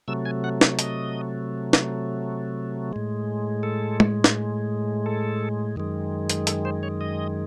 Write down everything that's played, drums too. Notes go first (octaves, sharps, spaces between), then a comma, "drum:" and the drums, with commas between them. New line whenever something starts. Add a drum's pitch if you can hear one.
C3 F#3 A3 E6
G#5
F#5
E5, drum: snare
D#5, drum: hi-hat
drum: snare
A2 G#3
A4
drum: tom
drum: snare
A4
F#2 D#3 G#3
drum: hi-hat
A4, drum: hi-hat
C5
C#5
D#5